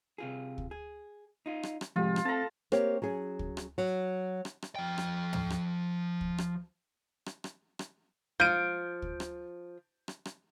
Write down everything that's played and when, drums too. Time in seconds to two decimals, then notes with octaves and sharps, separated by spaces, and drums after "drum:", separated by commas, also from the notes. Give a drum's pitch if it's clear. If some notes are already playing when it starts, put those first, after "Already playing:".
0.18 C3 F4 G#4
0.58 drum: kick
0.71 G#4
1.46 D#4 F4
1.63 drum: rim click
1.81 drum: rim click
1.96 F2 A2 C3 F3 G#3 F4 G4
2.16 drum: rim click
2.25 A3 C4 A4 A5 A#5
2.72 A#3 C4 G4 C#5, drum: rim click
3.02 F#3 C#4 G#4
3.39 drum: kick
3.57 drum: rim click
3.78 F#3
4.45 drum: rim click
4.62 drum: rim click
4.75 F3 G5
4.98 drum: rim click
5.33 drum: tom
5.50 drum: rim click
6.21 drum: kick
6.38 drum: rim click
7.26 drum: rim click
7.44 drum: rim click
7.79 drum: rim click
8.40 F3 G6 D7
9.02 drum: kick
9.20 drum: rim click
10.08 drum: rim click
10.25 drum: rim click